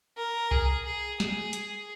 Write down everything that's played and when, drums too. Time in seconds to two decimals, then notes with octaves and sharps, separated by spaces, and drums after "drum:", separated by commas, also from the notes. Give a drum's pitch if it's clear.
0.17 A#4
0.51 G#4, drum: kick C2
0.85 G#4
1.20 G#4, drum: snare
1.53 drum: hi-hat